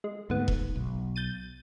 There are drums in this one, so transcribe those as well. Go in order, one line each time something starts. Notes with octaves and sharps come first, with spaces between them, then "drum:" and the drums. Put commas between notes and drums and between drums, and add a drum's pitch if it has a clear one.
G#3
D2 G#2 B3
drum: kick E1
B1
G6 A6 D#7